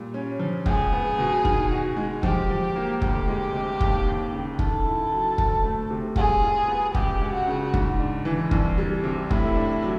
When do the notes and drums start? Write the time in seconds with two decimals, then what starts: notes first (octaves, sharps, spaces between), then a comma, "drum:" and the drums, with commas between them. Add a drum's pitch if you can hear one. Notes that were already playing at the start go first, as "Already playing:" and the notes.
Already playing: A#2 G3
0.14 C#4
0.40 F3
0.66 C#2 G#4, drum: kick
0.92 B3
1.18 B2
1.45 D#3, drum: kick
1.71 F#4
1.97 G#3
2.23 F3 G4, drum: kick
2.49 F3
2.75 A#3
3.02 D2 G4, drum: kick
3.28 G#3
3.54 C3
3.80 D#2, drum: kick
4.07 D#2
4.32 C#3
4.59 D#3 A4, drum: kick
4.85 E4
5.12 F#3
5.38 D2, drum: kick
5.64 A3
5.90 C3
6.16 G3 G#4, drum: kick
6.42 F4
6.68 B3
6.95 C#2 G4, drum: kick
7.21 C#2
7.34 F#4
7.47 C#3
7.74 G#2, drum: kick
8.00 D4
8.25 E3
8.51 C2, drum: kick
8.78 G3
9.04 C3
9.31 A2 E4, drum: kick
9.56 D4
9.82 F#3